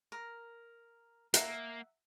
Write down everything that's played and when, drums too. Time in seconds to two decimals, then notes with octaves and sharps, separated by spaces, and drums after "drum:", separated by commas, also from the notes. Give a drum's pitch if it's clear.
0.12 A#4
1.34 A#3 E5 F#5 A#5, drum: hi-hat